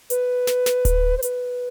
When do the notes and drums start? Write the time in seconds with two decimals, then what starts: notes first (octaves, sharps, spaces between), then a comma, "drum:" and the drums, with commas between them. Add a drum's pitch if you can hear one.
0.10 B4, drum: hi-hat
0.47 drum: snare
0.66 drum: snare
0.85 drum: kick D1, hi-hat
1.18 C5
1.22 B4, drum: hi-hat